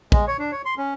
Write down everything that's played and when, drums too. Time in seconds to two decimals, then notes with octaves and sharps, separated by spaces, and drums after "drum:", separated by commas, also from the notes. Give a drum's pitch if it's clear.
0.12 G#3, drum: kick
0.27 C#5
0.39 D4
0.52 C#5
0.65 C6
0.77 C#4